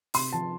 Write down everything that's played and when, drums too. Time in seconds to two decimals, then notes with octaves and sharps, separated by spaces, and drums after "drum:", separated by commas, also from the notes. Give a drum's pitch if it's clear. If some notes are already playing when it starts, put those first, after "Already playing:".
0.14 C3 C6, drum: open hi-hat
0.32 F3 A5